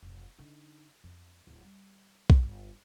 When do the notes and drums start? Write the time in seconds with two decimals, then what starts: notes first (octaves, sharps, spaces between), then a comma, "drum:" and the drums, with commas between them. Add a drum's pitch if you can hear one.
0.02 F1 B1
0.39 D3 D#4
1.04 F2
1.47 D1
1.62 G3
2.30 drum: kick B1
2.43 G1